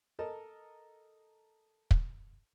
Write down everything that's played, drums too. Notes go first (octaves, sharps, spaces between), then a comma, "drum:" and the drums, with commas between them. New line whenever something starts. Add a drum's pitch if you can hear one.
A4 A#4 D#5 A5
drum: kick